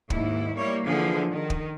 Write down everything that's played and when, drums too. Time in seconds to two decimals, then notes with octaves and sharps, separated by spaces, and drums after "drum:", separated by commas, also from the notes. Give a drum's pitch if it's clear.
0.10 D#2 G#2 E4, drum: kick
0.56 G3 A#3 E4 C#5
0.85 D3 E3 F3 G#4
1.29 D#3
1.50 drum: kick